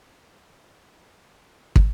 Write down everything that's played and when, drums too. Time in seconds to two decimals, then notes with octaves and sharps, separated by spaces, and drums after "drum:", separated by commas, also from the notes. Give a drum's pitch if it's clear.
0.07 F2 B2
1.76 drum: kick